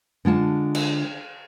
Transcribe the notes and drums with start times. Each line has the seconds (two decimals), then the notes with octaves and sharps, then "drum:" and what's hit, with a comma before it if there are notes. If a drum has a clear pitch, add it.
0.25 D3 G#3 F4 A5
0.75 drum: cymbal